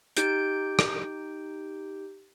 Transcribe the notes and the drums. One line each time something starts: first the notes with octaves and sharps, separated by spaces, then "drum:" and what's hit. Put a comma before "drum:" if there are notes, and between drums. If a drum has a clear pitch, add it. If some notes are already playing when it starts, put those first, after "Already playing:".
D#4 G4 G6 D7, drum: hi-hat
drum: rim click